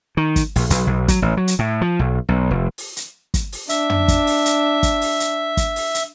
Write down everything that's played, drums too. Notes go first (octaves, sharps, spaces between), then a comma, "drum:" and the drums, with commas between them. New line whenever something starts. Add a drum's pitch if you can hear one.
D#3
drum: kick, hi-hat
A#1, drum: open hi-hat
B1, drum: hi-hat
B1
F#3, drum: kick, hi-hat
A1
F#3
drum: hi-hat
A2
F3
B1
B1
F1
drum: open hi-hat
drum: hi-hat
drum: kick, hi-hat
drum: open hi-hat
D4 E5, drum: hi-hat
drum: tom
drum: kick, hi-hat
drum: open hi-hat
drum: hi-hat
drum: kick, hi-hat
drum: open hi-hat
drum: hi-hat
drum: kick, hi-hat
drum: open hi-hat
drum: hi-hat